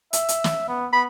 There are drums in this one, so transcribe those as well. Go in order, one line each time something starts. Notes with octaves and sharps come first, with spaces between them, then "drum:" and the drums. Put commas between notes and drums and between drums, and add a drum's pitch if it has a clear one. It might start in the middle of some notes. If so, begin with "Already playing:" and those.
E5, drum: hi-hat
drum: hi-hat
drum: snare
B3
B3 B5